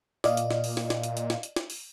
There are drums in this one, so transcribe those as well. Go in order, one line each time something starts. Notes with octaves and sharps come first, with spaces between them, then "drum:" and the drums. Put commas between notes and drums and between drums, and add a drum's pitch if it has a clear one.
A#2 D5 D#5 F5, drum: snare
drum: hi-hat
drum: snare
drum: open hi-hat
drum: snare
drum: snare
drum: hi-hat
drum: hi-hat
drum: snare
drum: hi-hat
drum: snare
drum: open hi-hat